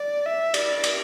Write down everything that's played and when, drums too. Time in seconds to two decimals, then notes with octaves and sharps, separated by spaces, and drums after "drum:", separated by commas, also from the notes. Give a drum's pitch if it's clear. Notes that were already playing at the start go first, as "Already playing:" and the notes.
Already playing: D5
0.26 E5
0.54 D5, drum: cymbal
0.84 drum: cymbal